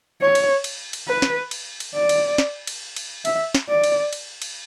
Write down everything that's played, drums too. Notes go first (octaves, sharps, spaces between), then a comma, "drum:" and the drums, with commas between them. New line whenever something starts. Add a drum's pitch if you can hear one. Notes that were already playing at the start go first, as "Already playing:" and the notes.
C#5
drum: cymbal
drum: cymbal
drum: cymbal
B4
drum: snare
drum: cymbal
drum: cymbal
D5
drum: cymbal
drum: snare
drum: cymbal
drum: cymbal
E5, drum: cymbal
drum: snare
D5
drum: cymbal
drum: cymbal
drum: cymbal